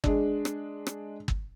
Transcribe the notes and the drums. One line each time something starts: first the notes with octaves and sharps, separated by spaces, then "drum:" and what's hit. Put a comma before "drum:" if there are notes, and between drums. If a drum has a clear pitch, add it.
G#3 D4, drum: kick G1
drum: rim click
drum: rim click
drum: kick G1